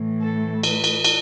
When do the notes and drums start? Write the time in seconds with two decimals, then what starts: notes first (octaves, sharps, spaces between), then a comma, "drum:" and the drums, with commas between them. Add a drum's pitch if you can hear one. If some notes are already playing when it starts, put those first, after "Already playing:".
Already playing: A2 E3 A3
0.22 A4
0.63 B4, drum: cymbal
0.84 drum: cymbal
1.04 drum: cymbal